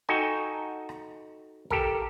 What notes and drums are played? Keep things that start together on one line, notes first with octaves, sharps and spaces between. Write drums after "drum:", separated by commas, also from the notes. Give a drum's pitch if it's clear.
D#4 F#4 A4 G5 G#5
drum: rim click
G4 A4 A#4, drum: kick